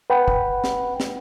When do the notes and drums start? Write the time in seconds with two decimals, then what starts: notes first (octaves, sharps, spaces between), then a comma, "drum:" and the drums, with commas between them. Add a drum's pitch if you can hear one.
0.10 B4 F#5 G5 B5
0.28 drum: kick
0.64 drum: snare
1.00 drum: snare